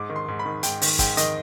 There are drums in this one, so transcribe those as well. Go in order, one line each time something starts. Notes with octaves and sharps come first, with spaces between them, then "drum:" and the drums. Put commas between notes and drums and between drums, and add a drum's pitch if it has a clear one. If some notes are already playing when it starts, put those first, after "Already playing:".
Already playing: G#2 D6
D#3
C6
G#2
B5
D#3
G#2 G5, drum: hi-hat
D#3, drum: open hi-hat
G#2 G5, drum: kick, hi-hat
D#3 D#5, drum: hi-hat